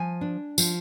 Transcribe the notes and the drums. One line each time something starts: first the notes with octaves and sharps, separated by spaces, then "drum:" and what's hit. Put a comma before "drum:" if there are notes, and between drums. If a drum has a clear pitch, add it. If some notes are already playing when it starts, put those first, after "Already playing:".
Already playing: F3 G#5
D4
F3, drum: tambourine